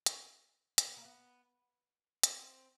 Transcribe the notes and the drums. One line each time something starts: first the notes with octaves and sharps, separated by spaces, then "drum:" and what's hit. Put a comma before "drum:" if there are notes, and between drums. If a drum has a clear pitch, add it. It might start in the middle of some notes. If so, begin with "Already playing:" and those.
C#4, drum: hi-hat
C4, drum: hi-hat
B3
A#3
B3
C4, drum: hi-hat